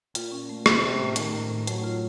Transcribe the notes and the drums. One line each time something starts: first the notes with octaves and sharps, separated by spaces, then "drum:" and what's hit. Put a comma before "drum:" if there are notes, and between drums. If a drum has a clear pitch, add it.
A#2 F4, drum: hi-hat
C#4
A3
C3 A3, drum: rim click
A3
A2
D#3 A3, drum: hi-hat
A2
A2
F#3 A3, drum: hi-hat
F4